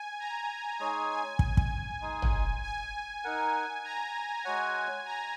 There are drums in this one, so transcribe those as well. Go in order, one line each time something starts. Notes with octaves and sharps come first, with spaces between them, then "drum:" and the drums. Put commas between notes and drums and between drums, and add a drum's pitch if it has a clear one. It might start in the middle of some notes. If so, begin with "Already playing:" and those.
Already playing: G#5
A#5
G#3 D#4 G#4 C#5 G#5
G#5
drum: kick
drum: kick
G#3 D#4 G#4
drum: tom
G#5
D#4 A#4 F#5
A#5
G#3 F#4 C#5 F#5 G#5
A#5